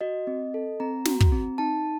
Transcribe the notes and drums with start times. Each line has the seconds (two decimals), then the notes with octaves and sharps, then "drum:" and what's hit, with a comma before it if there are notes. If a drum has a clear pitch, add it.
0.01 F#4 D#5
0.27 C4
0.54 A4
0.80 C4 A#5
1.05 F#4, drum: snare
1.20 drum: kick
1.32 C4
1.58 D#4 A5